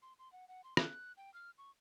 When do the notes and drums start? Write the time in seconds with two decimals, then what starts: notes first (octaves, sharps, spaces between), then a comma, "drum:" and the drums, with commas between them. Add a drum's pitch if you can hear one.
0.02 C6
0.19 C6
0.33 F#5
0.48 F#5
0.64 C6
0.77 F#6, drum: rim click
1.17 G5
1.34 F6
1.58 C#6